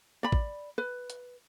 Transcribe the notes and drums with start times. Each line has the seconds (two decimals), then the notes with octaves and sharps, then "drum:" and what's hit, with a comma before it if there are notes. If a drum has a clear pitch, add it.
0.23 D5 B5
0.32 drum: kick
0.78 B4
1.10 drum: hi-hat